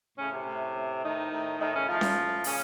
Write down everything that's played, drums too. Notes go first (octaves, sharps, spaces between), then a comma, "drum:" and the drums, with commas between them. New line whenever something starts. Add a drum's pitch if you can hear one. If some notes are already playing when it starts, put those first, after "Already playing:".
A2 C#3 C#4
C3 C4
A2
A2
A2 D#3 D#4
A2
A2 D#3 D#4
C#3 C#4
A2 F3 F4
drum: snare C#4
A2
A#2 C#3 C#4, drum: open hi-hat